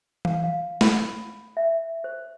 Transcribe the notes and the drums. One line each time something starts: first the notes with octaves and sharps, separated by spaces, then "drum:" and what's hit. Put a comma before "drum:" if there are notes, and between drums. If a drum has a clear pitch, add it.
F5, drum: tom E3
F5
B5, drum: snare
E5
C5